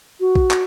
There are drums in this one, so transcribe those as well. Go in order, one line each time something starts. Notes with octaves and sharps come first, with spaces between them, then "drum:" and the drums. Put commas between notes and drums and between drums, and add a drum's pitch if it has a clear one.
F#4
drum: kick A#1
drum: clap